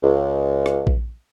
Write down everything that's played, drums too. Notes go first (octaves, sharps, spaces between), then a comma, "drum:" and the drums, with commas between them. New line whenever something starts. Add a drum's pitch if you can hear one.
C#2
drum: rim click
drum: kick A#1